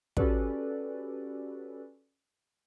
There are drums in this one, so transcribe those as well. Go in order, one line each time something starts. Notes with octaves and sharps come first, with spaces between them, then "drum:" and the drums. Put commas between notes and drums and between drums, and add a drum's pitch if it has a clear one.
C#4 F#4 G4 A4 B4 D5, drum: kick